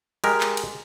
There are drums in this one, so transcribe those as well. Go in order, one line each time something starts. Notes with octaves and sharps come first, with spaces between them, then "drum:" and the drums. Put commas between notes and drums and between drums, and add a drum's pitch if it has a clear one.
G#3 G4 A#4, drum: cymbal
drum: clap
drum: cymbal